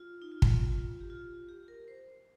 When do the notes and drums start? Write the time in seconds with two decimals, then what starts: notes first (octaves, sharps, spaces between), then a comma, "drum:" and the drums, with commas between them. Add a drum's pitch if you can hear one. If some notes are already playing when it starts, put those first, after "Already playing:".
Already playing: F4
0.22 D#4
0.32 F4
0.42 drum: kick
0.71 F4
1.01 G4
1.10 F4
1.49 G4
1.68 A#4
1.88 C5